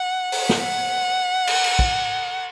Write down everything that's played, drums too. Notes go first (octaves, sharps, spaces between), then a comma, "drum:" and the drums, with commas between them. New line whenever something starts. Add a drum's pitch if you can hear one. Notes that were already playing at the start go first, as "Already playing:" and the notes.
Already playing: F#5
drum: open hi-hat
drum: snare
F#5
drum: cymbal
drum: cymbal
drum: kick